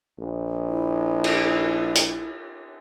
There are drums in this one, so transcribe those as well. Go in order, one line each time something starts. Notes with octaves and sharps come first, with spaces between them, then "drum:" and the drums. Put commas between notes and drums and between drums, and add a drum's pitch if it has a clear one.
A#1
E4
drum: cymbal
drum: hi-hat